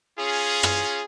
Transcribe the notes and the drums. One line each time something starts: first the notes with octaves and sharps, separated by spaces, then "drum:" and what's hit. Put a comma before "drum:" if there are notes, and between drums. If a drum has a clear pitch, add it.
C#4 F4 G#4
drum: rim click